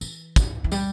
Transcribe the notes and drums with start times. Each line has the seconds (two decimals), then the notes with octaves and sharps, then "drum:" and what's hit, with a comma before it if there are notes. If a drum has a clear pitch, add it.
0.01 E3, drum: tambourine
0.36 drum: kick, tambourine
0.64 E3
0.72 G3, drum: tambourine